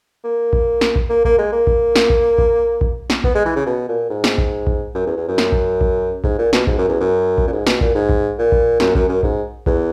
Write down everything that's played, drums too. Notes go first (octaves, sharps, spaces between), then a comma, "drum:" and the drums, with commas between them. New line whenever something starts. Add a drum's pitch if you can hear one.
A#3
drum: kick A#1
drum: snare
drum: kick A#1
A#3
A#3, drum: kick A#1
G#3
A#3
drum: kick A#1
drum: snare
drum: kick A#1
drum: kick A#1
drum: kick A#1
drum: snare
B3, drum: kick A#1
G#3
E3
C#3
B2
A#2
G#2
drum: snare
drum: kick A#1
drum: kick A#1
F#2
E2
E2
F#2
drum: snare
drum: kick A#1
drum: kick A#1
G#2, drum: kick A#1
A#2
B2, drum: snare
G#2, drum: kick A#1
F#2
E2
F#2
drum: kick A#1
A#2
G#2
B2, drum: snare
A#2, drum: kick A#1
G#2
drum: kick A#1
A#2
drum: kick A#1
F#2, drum: snare
F#2, drum: kick A#1
F#2
G#2, drum: kick A#1
E2, drum: kick A#1